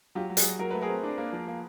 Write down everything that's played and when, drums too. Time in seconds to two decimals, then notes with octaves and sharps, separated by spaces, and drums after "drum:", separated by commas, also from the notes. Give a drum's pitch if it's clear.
0.15 F#3 F4 G4
0.30 F#3
0.37 F#4 G#4, drum: hi-hat
0.44 F#3
0.59 F#3 A#4
0.70 A3 B4
0.82 G#4 A#4
0.89 C4
1.03 D4
1.18 A#3
1.33 F3
1.48 A#3